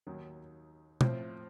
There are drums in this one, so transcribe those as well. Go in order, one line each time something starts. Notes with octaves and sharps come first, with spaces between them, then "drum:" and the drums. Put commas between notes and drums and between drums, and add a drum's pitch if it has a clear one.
D#2 D#3 F#3
A2 F3 C4, drum: tom B2